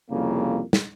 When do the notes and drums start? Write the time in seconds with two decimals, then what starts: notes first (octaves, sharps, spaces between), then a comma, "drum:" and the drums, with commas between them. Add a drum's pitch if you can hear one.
0.11 C2 F2 C#3 A#3
0.73 drum: snare